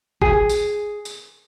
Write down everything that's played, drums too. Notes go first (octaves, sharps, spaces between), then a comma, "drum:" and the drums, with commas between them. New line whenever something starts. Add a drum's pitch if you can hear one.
G#4, drum: kick
drum: tambourine
drum: tambourine